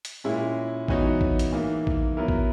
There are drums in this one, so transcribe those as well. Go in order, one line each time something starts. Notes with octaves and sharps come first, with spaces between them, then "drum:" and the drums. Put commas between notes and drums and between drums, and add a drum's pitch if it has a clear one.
drum: hi-hat
A#2 G#3 C#4 E4
E3 B3 D#4 F#4 C#5, drum: kick A1
drum: kick A1
drum: hi-hat
G#2 E3 A#3
drum: kick A1
F#3 B3 E4 A#4
drum: kick A1